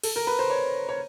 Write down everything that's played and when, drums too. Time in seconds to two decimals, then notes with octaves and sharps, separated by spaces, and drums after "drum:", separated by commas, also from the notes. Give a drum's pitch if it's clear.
0.03 A4, drum: cymbal
0.16 A#4
0.27 B4
0.39 C5
0.50 C#5
0.89 C#5